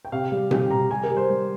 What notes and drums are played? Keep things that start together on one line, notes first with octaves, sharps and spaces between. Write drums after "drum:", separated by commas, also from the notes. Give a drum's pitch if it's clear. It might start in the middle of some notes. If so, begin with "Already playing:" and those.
G5
C3 F5
G3
C3 G5, drum: tom B2
C3 A#5
G3 G#5
A#4
G3
C5
G3